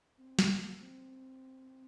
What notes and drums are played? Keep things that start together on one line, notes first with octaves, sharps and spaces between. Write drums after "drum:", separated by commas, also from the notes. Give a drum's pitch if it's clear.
C4
G#3, drum: snare
A#3
C4